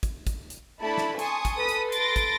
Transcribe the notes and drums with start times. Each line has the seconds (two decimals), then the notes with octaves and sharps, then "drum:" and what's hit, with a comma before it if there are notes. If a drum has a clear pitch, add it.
0.03 drum: kick, hi-hat
0.27 drum: kick, hi-hat
0.50 drum: hi-hat
0.82 A3 D4 E4 A5 B5
0.98 drum: snare
1.19 G#5 A5 C6 C#6 D#6, drum: hi-hat
1.45 drum: kick, hi-hat
1.58 A4 B4 D#6 B6
1.69 drum: hi-hat
1.92 A4 B4 C6 A6 A#6 D7, drum: hi-hat
2.16 drum: kick, hi-hat